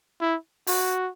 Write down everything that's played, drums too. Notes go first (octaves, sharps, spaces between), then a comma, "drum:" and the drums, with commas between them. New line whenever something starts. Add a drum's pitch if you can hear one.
E4
F#4, drum: open hi-hat